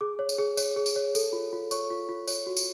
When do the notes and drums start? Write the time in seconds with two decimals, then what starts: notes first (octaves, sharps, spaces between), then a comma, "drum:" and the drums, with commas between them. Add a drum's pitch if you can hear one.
0.01 G#4 D6
0.19 C#5
0.29 drum: tambourine
0.38 G#4
0.57 C#5, drum: tambourine
0.76 G#4
0.86 drum: tambourine
0.96 C#5
1.15 A4, drum: tambourine
1.33 F4
1.53 F4
1.71 C#5 C#6, drum: tambourine
1.90 F4
2.09 F4
2.27 C#5, drum: tambourine
2.47 F#4
2.57 drum: tambourine